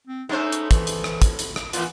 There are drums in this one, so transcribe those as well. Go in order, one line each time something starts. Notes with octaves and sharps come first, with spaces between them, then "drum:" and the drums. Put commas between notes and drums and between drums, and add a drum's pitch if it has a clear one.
C4
G#3 A3 B3 C#4 D#4 C5
drum: hi-hat
E3, drum: kick, hi-hat
drum: hi-hat
drum: rim click
drum: kick, hi-hat
drum: hi-hat
drum: rim click
A2 E3 B3 F4, drum: hi-hat